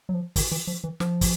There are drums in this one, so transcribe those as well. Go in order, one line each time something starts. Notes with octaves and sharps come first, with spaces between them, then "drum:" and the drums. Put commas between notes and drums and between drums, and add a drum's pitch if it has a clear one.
F#3
F3
D#3, drum: kick, open hi-hat
E3
F3
E3
F3, drum: snare
drum: kick, open hi-hat